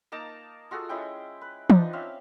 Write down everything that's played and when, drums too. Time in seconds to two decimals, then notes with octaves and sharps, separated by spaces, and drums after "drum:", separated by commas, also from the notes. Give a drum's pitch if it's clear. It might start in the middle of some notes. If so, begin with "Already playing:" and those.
0.12 A#3 D#4 A5 A#5
0.71 F4 F#4 G#4 A4
0.89 G#3 C#4 E4 G5
1.41 B4
1.70 F3 D4 D#4 D#5, drum: tom E3
1.93 C4 C#4 E5 F5